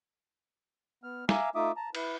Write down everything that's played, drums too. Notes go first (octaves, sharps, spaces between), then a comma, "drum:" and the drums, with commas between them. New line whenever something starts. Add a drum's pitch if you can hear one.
B3 F6
E5 F5 G#5 A#5 D6 E6, drum: snare
A3 D#4 F4 E5 D6 D#6
A5 A#5
E4 B4, drum: cymbal